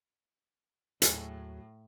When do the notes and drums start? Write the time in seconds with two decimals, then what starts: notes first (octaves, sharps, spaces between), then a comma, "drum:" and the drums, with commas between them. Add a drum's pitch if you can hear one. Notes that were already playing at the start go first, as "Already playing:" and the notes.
1.02 D#2 A2 F#3 G#4 A4, drum: hi-hat